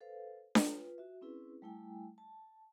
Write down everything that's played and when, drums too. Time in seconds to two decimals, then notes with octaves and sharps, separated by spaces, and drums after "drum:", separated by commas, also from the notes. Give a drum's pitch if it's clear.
0.01 A4 B4 C5 F5
0.55 F4 B4, drum: snare D4
0.98 F#4 E5
1.21 C4 C#4 E4 G#4 B4
1.62 G3 A3 E4 G5 G#5
2.18 A5